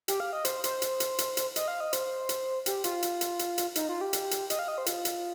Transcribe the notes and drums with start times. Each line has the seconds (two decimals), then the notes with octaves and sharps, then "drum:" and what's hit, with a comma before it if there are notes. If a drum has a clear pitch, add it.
0.08 G4, drum: hi-hat
0.20 F5
0.33 D#5
0.45 C5, drum: hi-hat
0.64 C5, drum: hi-hat
0.82 drum: hi-hat
1.00 drum: hi-hat
1.19 drum: hi-hat
1.37 drum: hi-hat
1.56 D#5, drum: hi-hat
1.68 F5
1.80 D#5
1.93 C5, drum: hi-hat
2.29 drum: hi-hat
2.66 G4, drum: hi-hat
2.84 F4, drum: hi-hat
3.03 drum: hi-hat
3.21 drum: hi-hat
3.39 drum: hi-hat
3.58 drum: hi-hat
3.75 D#4, drum: hi-hat
3.89 F4
4.01 G4
4.13 drum: hi-hat
4.31 drum: hi-hat
4.50 D#5, drum: hi-hat
4.59 F5
4.68 D#5
4.78 C5
4.86 F4, drum: hi-hat
5.05 drum: hi-hat